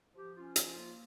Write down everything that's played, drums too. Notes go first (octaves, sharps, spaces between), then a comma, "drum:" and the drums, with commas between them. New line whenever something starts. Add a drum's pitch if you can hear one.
F3 G4
C#4 F4
F3, drum: hi-hat
A#3